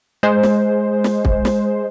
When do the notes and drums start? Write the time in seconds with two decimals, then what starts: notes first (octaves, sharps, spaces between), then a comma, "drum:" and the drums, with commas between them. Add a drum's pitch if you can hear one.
0.23 G#3 C5
0.43 drum: snare
1.04 drum: snare
1.25 drum: kick
1.45 drum: snare